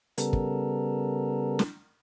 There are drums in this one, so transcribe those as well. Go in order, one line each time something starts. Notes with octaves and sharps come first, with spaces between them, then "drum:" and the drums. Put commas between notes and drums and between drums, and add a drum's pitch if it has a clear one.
C#3 G3 B3 A4 A#4, drum: hi-hat
drum: kick
drum: snare